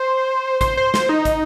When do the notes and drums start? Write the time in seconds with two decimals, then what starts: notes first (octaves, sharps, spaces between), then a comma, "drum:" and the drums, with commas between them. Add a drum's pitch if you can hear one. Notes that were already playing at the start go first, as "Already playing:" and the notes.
Already playing: C5
0.61 C5, drum: kick, hi-hat
0.77 C5
0.94 C5, drum: snare
1.09 D#4
1.25 drum: kick, hi-hat